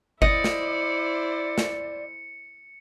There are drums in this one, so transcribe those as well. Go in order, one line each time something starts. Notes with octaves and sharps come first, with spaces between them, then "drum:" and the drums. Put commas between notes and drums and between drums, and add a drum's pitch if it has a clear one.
E4 C5 D5 D#5 C#7, drum: kick G1
drum: snare
drum: snare